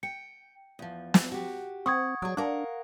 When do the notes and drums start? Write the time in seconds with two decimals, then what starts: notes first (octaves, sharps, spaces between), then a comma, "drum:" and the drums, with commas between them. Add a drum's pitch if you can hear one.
0.03 G5 C#7
0.79 E2 F3
1.14 drum: snare
1.32 F#4 G4
1.86 C4 F#5 C#6 D#6 G#6
2.22 F#3 G#4 D5
2.37 D4 A#4 F5 F#5